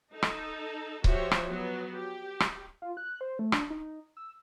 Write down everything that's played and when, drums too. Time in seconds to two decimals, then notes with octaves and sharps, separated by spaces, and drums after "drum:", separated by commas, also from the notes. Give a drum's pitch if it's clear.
0.13 D#4 A4
0.22 drum: rim click
1.04 F3 F#4 G4 C5 C#5 E5, drum: kick C#1
1.31 drum: rim click
1.49 F#3 B3
1.94 G4
2.40 drum: rim click
2.82 F4
2.97 F#6
3.21 C5
3.39 A3
3.52 D4, drum: rim click
3.70 D#4
4.17 E6